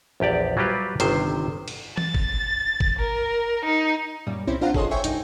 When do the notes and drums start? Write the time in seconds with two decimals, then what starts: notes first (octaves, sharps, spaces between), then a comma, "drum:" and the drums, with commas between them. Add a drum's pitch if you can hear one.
0.20 A#1 E2 G4 D5
0.57 F#3 G3 F4 G4 B4
1.00 G1 C3 D#3 C5, drum: hi-hat
1.68 drum: cymbal
1.97 A6, drum: tom E3
2.14 drum: kick
2.80 drum: kick
2.99 A#4
3.65 D#4
4.27 F#2 A#2 G3
4.47 C2 C4 C#4 E4 C5
4.61 D4 F4 C5 F5 F#5 A#5
4.74 G#4 A4 C#5 D#5 C6, drum: kick
4.91 C5 C#5 E5 G5 G#5 C#6
5.04 C2 G2 D#4 G5, drum: hi-hat